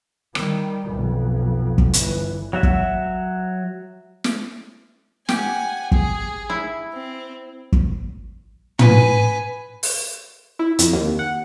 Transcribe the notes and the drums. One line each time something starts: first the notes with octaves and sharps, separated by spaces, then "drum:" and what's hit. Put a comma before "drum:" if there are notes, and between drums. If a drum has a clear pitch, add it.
D#3 G3, drum: rim click
B1 F2
drum: kick
G1 E3, drum: hi-hat
F#3 F#4 E5
drum: kick
drum: snare
G4 F#5 G#5, drum: snare
G#4, drum: kick
E4
C4
drum: kick
B4 G#5, drum: tom
drum: open hi-hat
E4
F2, drum: hi-hat
D#2
F#5